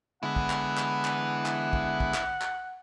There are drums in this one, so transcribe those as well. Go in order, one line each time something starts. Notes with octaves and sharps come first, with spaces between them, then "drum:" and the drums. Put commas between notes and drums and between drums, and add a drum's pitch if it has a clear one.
D3 G#3 B3 E4 B4 F#5
drum: kick
drum: clap
drum: clap
drum: clap
drum: clap
drum: kick
drum: kick
drum: clap
drum: clap